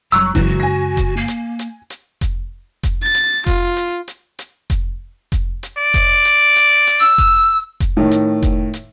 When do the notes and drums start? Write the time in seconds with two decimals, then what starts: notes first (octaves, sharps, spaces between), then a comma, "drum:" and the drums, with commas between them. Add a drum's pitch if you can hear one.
0.12 F#1 A2 F#3 G3 A#5 C#6 E6 F#6
0.35 F#2 C#3 E3 F#3 G#3 F#4, drum: kick F1, hi-hat
0.60 G#5 A#6
0.97 drum: kick F1, hi-hat
1.17 A#3
1.28 drum: hi-hat
1.59 drum: hi-hat
1.90 drum: hi-hat
2.21 drum: kick F1, hi-hat
2.83 drum: kick F1, hi-hat
3.03 A6
3.14 drum: hi-hat
3.46 F4, drum: kick F1, hi-hat
3.77 drum: hi-hat
4.08 drum: hi-hat
4.39 drum: hi-hat
4.70 drum: kick F1, hi-hat
5.32 drum: kick F1, hi-hat
5.63 drum: hi-hat
5.77 D5
5.94 drum: kick F1, hi-hat
6.25 drum: hi-hat
6.56 drum: hi-hat
6.87 drum: hi-hat
7.00 E6
7.18 drum: kick F1, hi-hat
7.80 drum: kick F1, hi-hat
7.97 A2 D#3
8.11 drum: hi-hat
8.42 drum: kick F1, hi-hat
8.74 drum: hi-hat